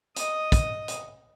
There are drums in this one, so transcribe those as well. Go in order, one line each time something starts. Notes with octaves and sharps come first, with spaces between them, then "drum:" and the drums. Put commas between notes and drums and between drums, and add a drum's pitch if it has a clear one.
D#5 D#6, drum: hi-hat
drum: kick, hi-hat
drum: hi-hat